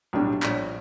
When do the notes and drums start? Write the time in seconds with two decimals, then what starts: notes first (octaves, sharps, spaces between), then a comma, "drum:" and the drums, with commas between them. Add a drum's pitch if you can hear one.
0.13 B1 A2 G3 D4
0.42 A#1 C#5 B6, drum: clap